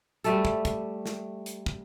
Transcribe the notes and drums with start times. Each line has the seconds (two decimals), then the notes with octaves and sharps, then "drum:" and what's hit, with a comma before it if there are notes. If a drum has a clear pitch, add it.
0.24 G3 A3 A4, drum: hi-hat
0.45 drum: kick
0.65 drum: kick, hi-hat
1.06 drum: snare
1.46 drum: hi-hat
1.66 drum: kick